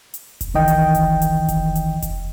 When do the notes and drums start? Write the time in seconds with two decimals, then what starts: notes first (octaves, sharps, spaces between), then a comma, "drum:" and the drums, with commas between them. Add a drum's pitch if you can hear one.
0.14 drum: hi-hat
0.41 drum: kick F1, hi-hat
0.54 C2 D#3 E3 D#5 G5
0.68 drum: hi-hat
0.95 drum: kick F1, hi-hat
1.22 drum: hi-hat
1.48 drum: kick F1, hi-hat
1.75 drum: hi-hat
2.02 drum: kick F1, hi-hat